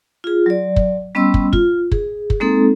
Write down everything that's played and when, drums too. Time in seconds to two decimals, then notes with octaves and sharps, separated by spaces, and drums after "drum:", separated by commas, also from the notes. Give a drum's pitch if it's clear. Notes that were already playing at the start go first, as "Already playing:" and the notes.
0.24 F4 G#4
0.46 F#3 D5
0.76 drum: kick
1.15 G3 B3 C#4 D#5 C6 E6
1.34 drum: kick
1.53 F4, drum: kick
1.92 G#4, drum: kick
2.30 drum: kick
2.40 G#3 A#3 C4 D#4 A4